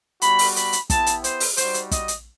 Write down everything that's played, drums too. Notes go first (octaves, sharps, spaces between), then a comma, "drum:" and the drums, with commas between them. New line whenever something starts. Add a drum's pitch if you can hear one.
G3 B3 F#4 B5, drum: hi-hat
drum: open hi-hat
B5, drum: hi-hat
drum: hi-hat
B3 E4 G4 A5, drum: kick, hi-hat
drum: hi-hat
C5, drum: hi-hat
drum: open hi-hat
G3 D#4 F#4 C5, drum: hi-hat
drum: hi-hat
D#5, drum: kick, hi-hat
drum: hi-hat